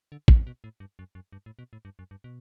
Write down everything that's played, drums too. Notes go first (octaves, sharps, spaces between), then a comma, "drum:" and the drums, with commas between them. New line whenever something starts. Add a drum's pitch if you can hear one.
D3
C3, drum: kick
B2
A2
G2
F#2
F#2
G2
A2
B2
A2
G2
F#2
G2
B2